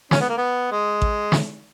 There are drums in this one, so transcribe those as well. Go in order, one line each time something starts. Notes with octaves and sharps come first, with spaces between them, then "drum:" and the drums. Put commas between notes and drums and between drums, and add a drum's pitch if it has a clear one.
C#4, drum: snare
B3
A#3
B3
G#3
drum: kick A1
drum: snare